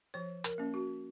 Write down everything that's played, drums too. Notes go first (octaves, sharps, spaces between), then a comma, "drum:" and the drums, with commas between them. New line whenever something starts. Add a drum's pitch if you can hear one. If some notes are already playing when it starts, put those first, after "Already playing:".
F3 C#5
A#4, drum: hi-hat
A#3 C#4
F#4